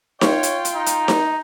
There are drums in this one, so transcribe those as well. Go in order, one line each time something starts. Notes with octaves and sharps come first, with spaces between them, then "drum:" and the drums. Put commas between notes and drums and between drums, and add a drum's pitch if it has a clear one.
F4 C#5 G5, drum: snare D#4
drum: hi-hat
drum: hi-hat
D#4
drum: hi-hat
drum: snare D#4